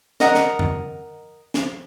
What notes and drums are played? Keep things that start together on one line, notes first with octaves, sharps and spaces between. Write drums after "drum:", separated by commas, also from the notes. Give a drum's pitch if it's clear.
A#4 D#5 F#5, drum: snare
drum: snare
drum: tom F2
drum: snare